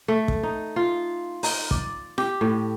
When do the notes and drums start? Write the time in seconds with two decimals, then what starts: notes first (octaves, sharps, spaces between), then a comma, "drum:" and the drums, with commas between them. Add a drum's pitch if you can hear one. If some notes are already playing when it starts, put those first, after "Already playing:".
0.08 A3
0.28 drum: kick
0.43 D#4
0.76 F4
1.43 D#4, drum: open hi-hat
1.71 D5, drum: kick
2.18 G4, drum: snare
2.41 A2